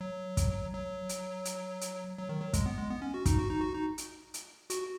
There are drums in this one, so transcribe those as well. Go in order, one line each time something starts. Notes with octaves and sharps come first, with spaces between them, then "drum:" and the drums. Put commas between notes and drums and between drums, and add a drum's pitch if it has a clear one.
F#3
drum: kick, hi-hat
F#3
drum: hi-hat
drum: hi-hat
drum: hi-hat
F#3
D#3
F#3
G#3, drum: kick, hi-hat
B3
G#3
B3
C#4
F#4
D#4, drum: kick, hi-hat
F#4
D#4
F#4
D#4
drum: hi-hat
drum: hi-hat
F#4, drum: hi-hat